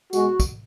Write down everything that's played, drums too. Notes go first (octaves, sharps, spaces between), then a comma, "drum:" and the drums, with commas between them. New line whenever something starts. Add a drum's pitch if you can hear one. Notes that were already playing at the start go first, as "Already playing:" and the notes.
B2 G#3 F#4, drum: tambourine
drum: kick, tambourine